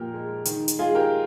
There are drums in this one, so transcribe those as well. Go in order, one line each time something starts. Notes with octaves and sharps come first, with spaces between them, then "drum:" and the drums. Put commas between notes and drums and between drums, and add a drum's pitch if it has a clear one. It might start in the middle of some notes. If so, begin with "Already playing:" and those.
Already playing: A#2 F3 G4 A#4
G#3
D#3, drum: hi-hat
drum: hi-hat
G#3 F4 G#4
G4 A#4